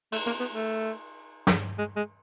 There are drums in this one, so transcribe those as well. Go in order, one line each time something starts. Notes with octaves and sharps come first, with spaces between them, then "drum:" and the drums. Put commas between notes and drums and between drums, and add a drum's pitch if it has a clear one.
A3, drum: cymbal
A#3, drum: hi-hat
B3
A3
drum: snare
G#3
G#3